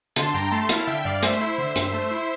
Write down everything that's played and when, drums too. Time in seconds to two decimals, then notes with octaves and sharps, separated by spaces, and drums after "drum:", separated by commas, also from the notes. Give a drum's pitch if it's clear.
0.16 D3 A5 C6, drum: hi-hat
0.34 G2 G5 A#5
0.51 A3 A5 C6
0.69 E4 F5 A5, drum: hi-hat
0.87 D3 E5 G5
1.05 G2 D5 F5
1.23 A3 C5 E5, drum: hi-hat
1.41 E4
1.58 D3
1.76 G2, drum: hi-hat
1.93 A3
2.11 E4